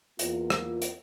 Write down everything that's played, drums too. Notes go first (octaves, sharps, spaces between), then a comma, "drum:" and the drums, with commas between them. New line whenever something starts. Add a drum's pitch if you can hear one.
E2 A#3 F4, drum: hi-hat
drum: rim click
drum: hi-hat